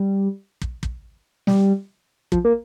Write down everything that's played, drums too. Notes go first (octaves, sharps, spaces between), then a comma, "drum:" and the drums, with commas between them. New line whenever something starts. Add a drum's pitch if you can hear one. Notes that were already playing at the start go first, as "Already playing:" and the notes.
Already playing: G3
drum: kick
drum: kick
G3, drum: snare
F3, drum: kick
A#3